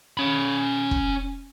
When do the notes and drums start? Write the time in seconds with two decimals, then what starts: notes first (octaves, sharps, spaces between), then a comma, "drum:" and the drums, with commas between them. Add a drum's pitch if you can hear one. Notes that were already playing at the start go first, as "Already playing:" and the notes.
0.17 C#4 B5
0.91 drum: kick